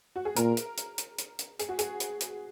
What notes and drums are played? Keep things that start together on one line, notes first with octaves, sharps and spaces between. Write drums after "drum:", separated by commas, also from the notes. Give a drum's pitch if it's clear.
F#4
G#4
A#2 A#4, drum: hi-hat
drum: hi-hat
drum: hi-hat
drum: hi-hat
drum: hi-hat
drum: hi-hat
G#4, drum: hi-hat
F#4
G#4, drum: hi-hat
drum: hi-hat
drum: hi-hat